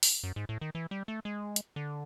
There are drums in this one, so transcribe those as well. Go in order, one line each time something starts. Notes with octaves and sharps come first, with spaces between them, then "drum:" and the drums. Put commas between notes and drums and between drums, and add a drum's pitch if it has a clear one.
drum: open hi-hat
F#2
G#2
A2
D#3
E3
G3
A3
G#3
drum: hi-hat
D3